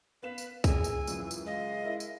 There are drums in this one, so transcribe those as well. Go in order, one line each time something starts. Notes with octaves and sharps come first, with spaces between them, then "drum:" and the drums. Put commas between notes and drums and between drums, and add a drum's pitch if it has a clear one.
B3 B4 F5 E7
drum: tambourine
G#4 G#5 E6, drum: kick, tambourine
drum: tambourine
C#2 F#2 E3, drum: tambourine
drum: tambourine
G#3 D#5 F5
E4 A#4
drum: tambourine